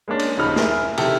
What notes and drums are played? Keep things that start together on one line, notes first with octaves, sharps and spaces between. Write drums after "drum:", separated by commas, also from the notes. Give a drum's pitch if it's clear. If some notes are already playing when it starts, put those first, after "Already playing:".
G#3 A#3 C#4 D4
drum: cymbal
D#1 C#3 F3 D#4 B5 F6
G#4 A#4 E5, drum: snare
C3 D#3 E4 G4 A4, drum: cymbal